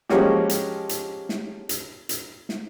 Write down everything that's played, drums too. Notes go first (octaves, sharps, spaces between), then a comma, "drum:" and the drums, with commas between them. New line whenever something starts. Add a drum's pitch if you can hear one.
F3 G#3 A#3 C#4 F#4 G4, drum: snare
drum: hi-hat
drum: hi-hat
drum: snare
drum: hi-hat
drum: hi-hat
drum: snare